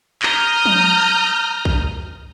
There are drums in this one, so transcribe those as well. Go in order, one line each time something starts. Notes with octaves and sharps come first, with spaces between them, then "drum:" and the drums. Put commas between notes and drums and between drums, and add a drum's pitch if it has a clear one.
A#5 D#6 F6 G6, drum: clap
drum: tom F3
drum: kick